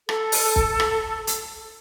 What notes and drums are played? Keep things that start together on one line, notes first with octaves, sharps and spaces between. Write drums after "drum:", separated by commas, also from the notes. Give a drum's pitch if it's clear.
A4, drum: rim click
drum: open hi-hat
drum: kick
drum: rim click
drum: hi-hat